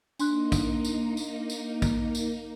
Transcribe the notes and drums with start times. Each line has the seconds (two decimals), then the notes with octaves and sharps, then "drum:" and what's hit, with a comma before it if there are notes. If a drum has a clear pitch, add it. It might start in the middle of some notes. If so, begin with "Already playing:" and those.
0.19 A#3 D4 D#4 C6 F#6, drum: tambourine
0.52 drum: kick, tambourine
0.85 drum: tambourine
1.17 drum: tambourine
1.50 drum: tambourine
1.82 drum: kick, tambourine
2.15 drum: tambourine